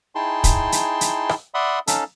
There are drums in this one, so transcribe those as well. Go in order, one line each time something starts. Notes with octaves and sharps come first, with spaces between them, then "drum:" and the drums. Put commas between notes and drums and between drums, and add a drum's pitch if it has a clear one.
D#4 E4 G#4 G5 A5 C6
drum: kick, hi-hat
drum: hi-hat
drum: hi-hat
drum: rim click
D5 E5 F#5 B5 C6 D#6
C#4 D#4 A4 F5 A5, drum: hi-hat